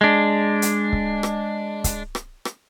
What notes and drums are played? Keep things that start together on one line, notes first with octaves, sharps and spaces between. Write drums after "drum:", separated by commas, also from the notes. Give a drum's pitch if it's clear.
G#3 D4
drum: hi-hat
drum: kick C#1
drum: rim click
drum: kick C#1, hi-hat
drum: rim click
drum: rim click